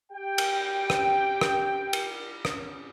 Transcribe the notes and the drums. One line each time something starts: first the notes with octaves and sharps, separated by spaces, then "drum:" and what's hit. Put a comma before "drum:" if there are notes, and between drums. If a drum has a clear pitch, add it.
G4 G5
drum: cymbal
drum: rim click
drum: rim click
drum: cymbal
drum: rim click